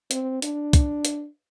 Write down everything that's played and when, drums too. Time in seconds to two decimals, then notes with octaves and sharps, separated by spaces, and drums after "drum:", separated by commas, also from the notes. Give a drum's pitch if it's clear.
0.11 C4, drum: hi-hat
0.42 D4, drum: hi-hat
0.73 drum: kick C2, hi-hat
1.05 drum: hi-hat